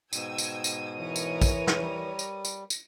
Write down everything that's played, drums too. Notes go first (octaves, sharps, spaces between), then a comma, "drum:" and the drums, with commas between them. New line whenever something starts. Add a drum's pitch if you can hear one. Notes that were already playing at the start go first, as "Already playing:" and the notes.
G#2 B2 G5 D#6 E6 G#6 D#7, drum: tambourine
drum: tambourine
drum: tambourine
E3 A#4 B4 C#5
drum: tambourine
drum: kick, tambourine
drum: snare
G3
drum: tambourine
drum: tambourine
drum: tambourine